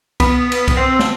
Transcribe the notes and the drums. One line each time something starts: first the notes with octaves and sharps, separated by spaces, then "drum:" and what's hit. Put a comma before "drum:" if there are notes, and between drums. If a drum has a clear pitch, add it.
B3, drum: kick C2, cymbal
drum: cymbal
drum: kick C2, cymbal
C4
drum: snare